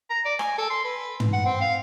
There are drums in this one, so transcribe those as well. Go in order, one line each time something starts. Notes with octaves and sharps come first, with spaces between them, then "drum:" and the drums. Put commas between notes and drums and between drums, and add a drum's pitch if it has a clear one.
A#5
D5
G#5, drum: rim click
A4
C6
B4
drum: tom
F#5
C4
F5